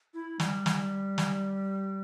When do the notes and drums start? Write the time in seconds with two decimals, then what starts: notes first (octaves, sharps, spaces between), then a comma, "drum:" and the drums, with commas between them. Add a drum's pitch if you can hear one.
0.14 E4
0.40 G3, drum: snare
0.66 drum: snare
1.18 drum: snare